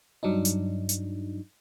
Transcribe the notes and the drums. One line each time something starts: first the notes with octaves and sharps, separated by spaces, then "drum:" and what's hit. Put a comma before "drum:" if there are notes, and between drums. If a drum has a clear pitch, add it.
G2 F#3 D4 D#4
drum: hi-hat
drum: hi-hat